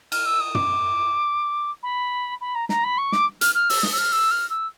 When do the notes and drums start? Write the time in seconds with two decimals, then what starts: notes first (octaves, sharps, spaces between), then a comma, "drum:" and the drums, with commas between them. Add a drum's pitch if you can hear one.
0.12 F6, drum: cymbal
0.26 E6
0.40 D#6
0.55 D6, drum: tom
1.83 B5
2.41 B5
2.55 A#5
2.69 A#5, drum: snare
2.84 B5
2.98 C#6
3.12 D6, drum: snare
3.41 F6, drum: hi-hat
3.55 F6
3.70 E6, drum: open hi-hat
3.83 D#6, drum: snare
3.93 E6
3.98 F6
4.12 E6
4.31 F6
4.50 E6